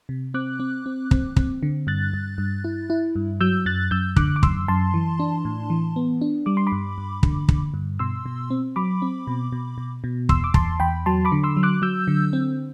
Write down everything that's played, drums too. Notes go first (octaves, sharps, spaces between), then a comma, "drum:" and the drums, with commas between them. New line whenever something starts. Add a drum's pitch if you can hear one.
C3
C4 D6 F#6
C4
C4
C4, drum: kick
C4, drum: kick
D3
G2 F#6 A6
G2
G2
E4
E4
G2
F#3 E6 G6
F#2 F#6 A6
F#2 E6 G6
D3 D6 F#6, drum: kick
D6
F#2 C6 E6, drum: kick
F#2 A5 C6
E3
D4
A2
E3
B3
D4
G3 D6
C6
B5 D6
G2
G2
D3, drum: kick
D3, drum: kick
G2
B2 C6 E6
B2
C4
F#3 B5 D6
C4
B2
B2
B2
B2
E2 C6 E6, drum: kick
D6
E2 A5 C6, drum: kick
E2 G5 B5
F#3 A5 C6
B5 D6
D3
C6 E6
F#3
D6 F#6
F#3 E6 G6
D3
C4